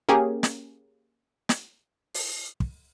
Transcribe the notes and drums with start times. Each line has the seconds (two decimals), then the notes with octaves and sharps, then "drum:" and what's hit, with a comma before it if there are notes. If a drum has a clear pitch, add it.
0.09 A#3 C#4 G4 G#4 A#4
0.43 drum: snare
1.49 drum: snare
2.14 drum: open hi-hat
2.60 drum: kick